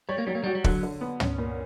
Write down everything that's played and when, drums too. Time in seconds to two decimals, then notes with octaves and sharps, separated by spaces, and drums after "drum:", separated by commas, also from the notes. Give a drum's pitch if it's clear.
0.09 G3 C#5
0.18 A#3
0.27 F#3 G3
0.35 A#3
0.44 G3 F#4
0.55 G3
0.64 D3 F#3, drum: kick
0.83 D3
1.01 B3
1.20 C#4, drum: tom
1.38 A#2